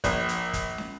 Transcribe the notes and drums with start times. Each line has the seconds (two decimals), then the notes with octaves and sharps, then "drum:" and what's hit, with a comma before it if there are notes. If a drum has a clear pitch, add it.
0.04 A#1, drum: kick, hi-hat
0.29 drum: hi-hat
0.53 drum: kick, hi-hat
0.78 drum: snare